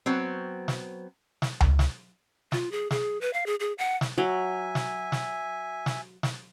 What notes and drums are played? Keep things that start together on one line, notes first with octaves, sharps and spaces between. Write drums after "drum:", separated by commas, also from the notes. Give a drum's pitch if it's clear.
F#3 B3 C4
drum: snare
drum: snare
drum: tom C#2
drum: snare
F4, drum: snare
G#4
G#4, drum: snare
B4
F5
G#4
G#4
F#5
drum: snare
F#3 E5 G#5
drum: snare
drum: snare
drum: snare
drum: snare